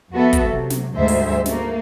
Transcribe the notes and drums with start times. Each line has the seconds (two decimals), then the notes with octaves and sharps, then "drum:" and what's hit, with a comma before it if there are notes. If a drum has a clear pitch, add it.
0.12 F2 B3 F#4 A4 E5
0.33 drum: kick, hi-hat
0.49 C3 F#3
0.70 drum: snare
0.95 D2 G#2 G3 G#3 C5 E5
1.08 drum: open hi-hat
1.46 A3 A#3, drum: snare